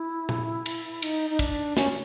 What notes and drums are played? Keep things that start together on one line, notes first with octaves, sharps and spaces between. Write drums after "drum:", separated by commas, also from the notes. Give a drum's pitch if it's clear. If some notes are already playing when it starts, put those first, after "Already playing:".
Already playing: E4
drum: tom A#2
drum: cymbal
D#4, drum: cymbal
D#4
D4, drum: kick, cymbal
C#4, drum: snare